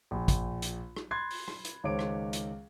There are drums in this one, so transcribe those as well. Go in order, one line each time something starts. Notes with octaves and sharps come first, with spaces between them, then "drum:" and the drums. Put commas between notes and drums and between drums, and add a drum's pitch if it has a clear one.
A#1 A#2
drum: kick G#1, hi-hat
drum: hi-hat
drum: rim click
B5 C6 F#6 G#6 A6 C7
drum: open hi-hat
drum: rim click
drum: hi-hat
C#2 D#3 C5 C#5 D6 D7
drum: rim click
drum: hi-hat